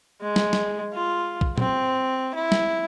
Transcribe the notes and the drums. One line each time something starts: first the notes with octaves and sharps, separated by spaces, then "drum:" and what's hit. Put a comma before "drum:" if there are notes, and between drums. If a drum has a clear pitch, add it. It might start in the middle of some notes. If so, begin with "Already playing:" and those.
G#3
drum: snare
drum: snare
F4
drum: kick
C4, drum: tom A#2
E4
drum: snare